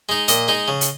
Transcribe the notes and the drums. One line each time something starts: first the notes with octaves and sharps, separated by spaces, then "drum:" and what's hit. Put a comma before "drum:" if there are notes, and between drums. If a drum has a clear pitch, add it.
G#3 D#4
A#2 D#5, drum: hi-hat
G#3 D#4
C#3
drum: hi-hat